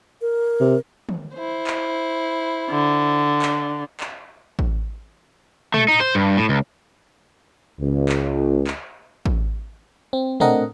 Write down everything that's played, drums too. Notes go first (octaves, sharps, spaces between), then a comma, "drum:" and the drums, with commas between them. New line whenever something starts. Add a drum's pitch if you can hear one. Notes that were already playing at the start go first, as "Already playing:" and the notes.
A#4
C3
drum: tom
E4 C5
drum: clap
D3
drum: clap
drum: clap
drum: kick A1
A3, drum: tom
D#4
C5
G2
A2
C#2
C#2
drum: clap
drum: clap
drum: kick A1
C4
A3 C4 D4 A#4 D#5 F#5, drum: tom